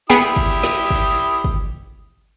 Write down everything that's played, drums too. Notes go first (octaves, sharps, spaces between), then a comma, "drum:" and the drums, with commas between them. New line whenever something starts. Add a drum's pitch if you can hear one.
B3 E4 G4 G#4 G5 D#6
drum: kick
drum: snare
drum: kick
drum: kick